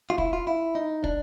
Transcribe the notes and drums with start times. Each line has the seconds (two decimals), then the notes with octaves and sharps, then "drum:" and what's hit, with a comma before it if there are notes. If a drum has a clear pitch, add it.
0.10 F4
0.18 E4, drum: kick
0.33 F4
0.47 E4
0.75 D#4
1.04 D4, drum: kick